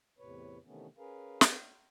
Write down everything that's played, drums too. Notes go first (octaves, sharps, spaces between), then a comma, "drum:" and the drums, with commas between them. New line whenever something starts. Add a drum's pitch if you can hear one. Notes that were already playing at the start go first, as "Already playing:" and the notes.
E2 A2 C3 B4 C#5
C3 D#3 E3 A3 B3 C#4
C#4 G#4 A#4 B4 F5
drum: snare